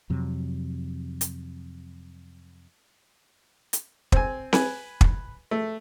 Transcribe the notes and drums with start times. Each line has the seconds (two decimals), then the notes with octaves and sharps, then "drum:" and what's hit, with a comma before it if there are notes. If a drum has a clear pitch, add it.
0.10 F2 C3 F#3
1.21 drum: hi-hat
3.73 drum: hi-hat
4.12 C4 G#5, drum: kick
4.53 B4 G#5, drum: snare C4
5.01 drum: kick
5.51 A3